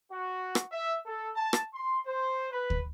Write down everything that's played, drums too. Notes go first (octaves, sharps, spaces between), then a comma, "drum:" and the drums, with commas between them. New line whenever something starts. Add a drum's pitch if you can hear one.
F#4
drum: rim click
E5
A4
A5
drum: rim click
C6
C5
B4
drum: kick D2